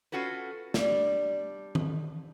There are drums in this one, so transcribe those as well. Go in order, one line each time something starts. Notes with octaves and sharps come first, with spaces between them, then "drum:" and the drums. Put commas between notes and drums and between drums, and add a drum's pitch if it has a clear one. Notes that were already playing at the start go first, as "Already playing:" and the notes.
C#4 F4 F#4 A4 B4
G3 D4, drum: snare
drum: tom D#3